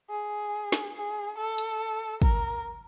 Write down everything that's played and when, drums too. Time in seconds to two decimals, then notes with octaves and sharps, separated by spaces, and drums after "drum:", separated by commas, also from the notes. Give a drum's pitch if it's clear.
0.10 G#4
0.72 drum: snare
0.95 G#4
1.38 A4
1.58 drum: hi-hat
2.22 A#4, drum: kick